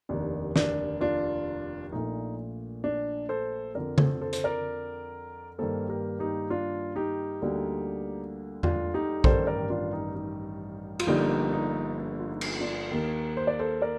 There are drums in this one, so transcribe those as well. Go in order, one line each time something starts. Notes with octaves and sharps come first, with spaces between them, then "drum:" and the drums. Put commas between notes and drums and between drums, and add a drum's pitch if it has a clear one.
F1 D#2 D#3 D4
D4, drum: snare
D4 F4
A#1 A#2 A3 D#4
D4
A4 C5
F2 D3 F3 A#4 D5
A4 C5, drum: tom C#3
A4 C5
C5, drum: hi-hat
A#4 D5
G2 D#3 A#3 A4 C5
G4 A#4
D#4 G4
D4 F4
D#4 G4
D2 D3 G3 A#3
D4 F4, drum: tom E2
D#4 G4
A1 G2 D#3 G3 A4 C5, drum: kick A#1
A#4 D5
D4 F4
D#4
D#4
F4, drum: cymbal
G1 G2 D3 F3 A#3 D#4 G4
D#4
D4
F4
D#4
drum: cymbal
D4 F4
D#2 D#3 A#3
C5
D5
A4 C5
A#4 D5